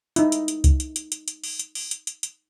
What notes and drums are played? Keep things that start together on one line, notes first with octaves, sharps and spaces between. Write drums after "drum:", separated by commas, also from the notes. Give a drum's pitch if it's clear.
D#4 E4, drum: hi-hat
drum: hi-hat
drum: hi-hat
drum: kick C2, hi-hat
drum: hi-hat
drum: hi-hat
drum: hi-hat
drum: hi-hat
drum: open hi-hat
drum: hi-hat
drum: open hi-hat
drum: hi-hat
drum: hi-hat
drum: hi-hat